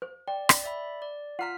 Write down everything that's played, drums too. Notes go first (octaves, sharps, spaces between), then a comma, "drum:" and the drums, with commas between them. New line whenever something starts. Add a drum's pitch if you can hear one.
C5
D5 G5
drum: rim click
D5 E5 B5
D5
F4 F#5 A#5 F6 B6